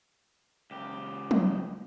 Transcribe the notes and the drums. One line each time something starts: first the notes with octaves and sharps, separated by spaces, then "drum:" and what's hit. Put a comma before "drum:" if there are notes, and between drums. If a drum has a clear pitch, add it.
C#2 G4
drum: tom